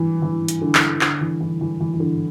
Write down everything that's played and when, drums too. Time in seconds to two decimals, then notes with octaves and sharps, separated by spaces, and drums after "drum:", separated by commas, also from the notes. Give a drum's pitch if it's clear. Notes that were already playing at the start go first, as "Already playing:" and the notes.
Already playing: E3
0.22 E3
0.48 drum: hi-hat
0.62 D3
0.75 drum: clap
1.01 D3, drum: clap
1.21 E3
1.41 E3
1.61 E3
1.81 E3
1.94 E3
2.00 D3